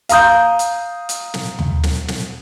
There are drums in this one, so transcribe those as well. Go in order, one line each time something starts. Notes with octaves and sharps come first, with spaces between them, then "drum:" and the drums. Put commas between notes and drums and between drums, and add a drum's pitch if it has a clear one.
F5 A#5 D#6 G6, drum: hi-hat
drum: hi-hat
drum: hi-hat
drum: snare
drum: tom D#2
drum: snare
drum: snare